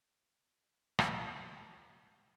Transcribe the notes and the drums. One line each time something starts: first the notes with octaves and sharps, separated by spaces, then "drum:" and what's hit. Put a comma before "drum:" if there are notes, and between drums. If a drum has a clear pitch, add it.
D#3 C4 D4
drum: rim click